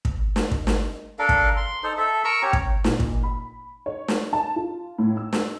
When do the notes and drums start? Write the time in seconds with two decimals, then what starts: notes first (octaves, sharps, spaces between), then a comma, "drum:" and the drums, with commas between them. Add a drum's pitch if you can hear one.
0.05 drum: kick
0.36 drum: snare
0.51 drum: kick
0.67 drum: snare
1.19 D4 A4 A#4 F5
1.29 drum: kick
1.56 C6
1.83 D#4 A4 C5
1.98 A4 E5
2.24 A#4 A#5 C#6 E6
2.43 C#4 G4 C#5
2.53 drum: kick
2.84 A#2, drum: snare
3.00 drum: kick
3.23 B5
3.86 C#5
4.08 drum: snare
4.33 A5
4.56 F4
4.99 A2
5.17 E6
5.33 drum: snare